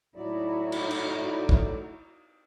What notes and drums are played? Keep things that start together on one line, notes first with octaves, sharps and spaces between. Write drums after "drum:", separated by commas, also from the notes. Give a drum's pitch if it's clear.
A2 F#3 D#4 E4 F#4 D5
drum: cymbal
drum: cymbal
drum: kick